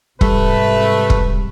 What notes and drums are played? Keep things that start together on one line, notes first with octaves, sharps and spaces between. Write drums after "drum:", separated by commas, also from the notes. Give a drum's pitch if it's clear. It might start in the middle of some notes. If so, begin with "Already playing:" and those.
G#2 C3 G3 A3 B4, drum: kick
drum: kick